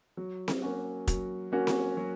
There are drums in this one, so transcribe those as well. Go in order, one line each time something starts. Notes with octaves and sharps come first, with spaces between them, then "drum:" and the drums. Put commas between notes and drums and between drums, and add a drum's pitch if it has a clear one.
F#3
drum: snare C4
A#3 C#4 F#4
F#3, drum: kick, hi-hat
A#3 C#4 F#4
drum: snare C4
F#3